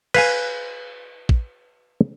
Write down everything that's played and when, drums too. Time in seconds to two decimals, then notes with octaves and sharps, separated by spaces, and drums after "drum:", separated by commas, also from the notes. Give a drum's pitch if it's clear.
0.14 B4 F5 G#5, drum: cymbal
1.29 drum: kick